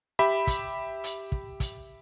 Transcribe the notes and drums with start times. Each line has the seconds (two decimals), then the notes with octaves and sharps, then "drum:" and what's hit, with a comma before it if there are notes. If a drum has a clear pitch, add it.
0.19 G4 E5 B5
0.47 drum: kick, hi-hat
1.04 drum: hi-hat
1.32 drum: kick
1.60 drum: kick, hi-hat